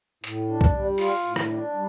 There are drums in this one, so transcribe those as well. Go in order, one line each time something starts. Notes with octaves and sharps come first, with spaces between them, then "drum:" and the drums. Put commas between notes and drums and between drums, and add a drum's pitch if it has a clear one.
A2, drum: hi-hat
D4
drum: kick C2
G3
F4, drum: open hi-hat
A2
drum: rim click
D4
G3